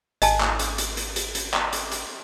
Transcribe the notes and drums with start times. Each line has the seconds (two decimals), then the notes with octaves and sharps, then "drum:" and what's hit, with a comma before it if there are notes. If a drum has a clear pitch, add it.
0.22 G#1 D#5 G#5 A5, drum: hi-hat
0.41 drum: clap
0.59 drum: hi-hat
0.78 drum: hi-hat
0.97 drum: hi-hat
1.16 drum: hi-hat
1.35 drum: hi-hat
1.54 drum: clap
1.73 drum: hi-hat
1.92 drum: hi-hat